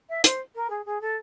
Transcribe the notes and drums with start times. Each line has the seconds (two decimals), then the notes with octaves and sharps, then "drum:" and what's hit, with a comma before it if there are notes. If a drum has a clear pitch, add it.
0.09 E5
0.24 C5, drum: hi-hat
0.55 A#4
0.69 G#4
0.85 G#4
1.01 A4